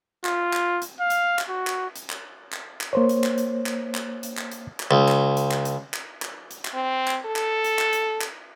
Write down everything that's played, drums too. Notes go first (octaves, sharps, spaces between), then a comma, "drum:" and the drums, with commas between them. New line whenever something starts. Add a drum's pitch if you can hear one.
F4, drum: clap
drum: clap
drum: hi-hat
F5
drum: hi-hat
drum: clap
F#4
drum: clap
drum: hi-hat
drum: clap
drum: clap
drum: clap
A#3 C5 C#5
drum: hi-hat
drum: clap
drum: hi-hat
drum: clap
drum: clap
drum: hi-hat
drum: clap
drum: hi-hat
drum: clap
C#2
drum: clap
drum: hi-hat
drum: clap
drum: hi-hat
drum: clap
drum: clap
drum: hi-hat
drum: clap
C4
drum: clap
A4
drum: clap
drum: hi-hat
drum: clap
drum: hi-hat
drum: clap